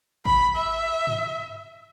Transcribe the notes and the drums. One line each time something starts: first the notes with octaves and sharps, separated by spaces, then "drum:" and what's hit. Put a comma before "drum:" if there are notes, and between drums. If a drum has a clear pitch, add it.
B5, drum: kick
E5
drum: tom